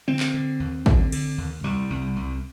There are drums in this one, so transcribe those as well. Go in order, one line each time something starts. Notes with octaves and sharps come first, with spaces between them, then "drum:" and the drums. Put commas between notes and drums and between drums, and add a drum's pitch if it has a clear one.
D3 C4
drum: clap
D3
D#2
D3, drum: kick
D3, drum: cymbal
D#2
C2 G3
C2
C2